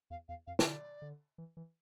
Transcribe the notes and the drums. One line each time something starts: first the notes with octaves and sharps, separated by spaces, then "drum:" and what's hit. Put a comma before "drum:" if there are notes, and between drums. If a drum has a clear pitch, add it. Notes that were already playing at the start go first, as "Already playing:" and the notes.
E2 F5
E2 F5
F2 F5
E3, drum: snare
D3 D5
D3
E3
E3